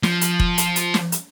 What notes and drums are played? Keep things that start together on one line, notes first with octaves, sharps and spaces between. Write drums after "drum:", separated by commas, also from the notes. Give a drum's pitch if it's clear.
F3, drum: snare
drum: hi-hat
drum: kick F1
drum: hi-hat
drum: hi-hat
drum: snare
drum: hi-hat